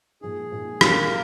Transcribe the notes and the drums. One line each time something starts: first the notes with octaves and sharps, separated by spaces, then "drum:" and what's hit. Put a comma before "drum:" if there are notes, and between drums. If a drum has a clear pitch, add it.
A#2 F3 G#3 D#4 G#4
A#2 F3 G#3 D#4
A#2 F3 G#3 A#3 D#4 A#4, drum: rim click